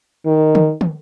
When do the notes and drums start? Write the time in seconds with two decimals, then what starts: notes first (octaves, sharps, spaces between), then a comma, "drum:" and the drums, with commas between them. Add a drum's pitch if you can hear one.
0.26 D#3
0.55 drum: tom
0.81 drum: tom